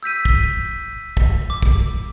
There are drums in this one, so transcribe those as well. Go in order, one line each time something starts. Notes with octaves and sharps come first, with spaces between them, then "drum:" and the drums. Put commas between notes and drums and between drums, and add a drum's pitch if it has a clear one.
E6 G6 B6 D#7
drum: kick
drum: kick
D6
drum: kick